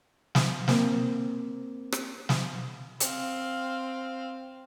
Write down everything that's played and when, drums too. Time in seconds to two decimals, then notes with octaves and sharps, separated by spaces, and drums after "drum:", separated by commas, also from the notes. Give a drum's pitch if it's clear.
0.35 drum: snare
0.68 A#3 C4, drum: snare
1.92 drum: rim click
2.29 drum: snare
3.00 C4 F5, drum: hi-hat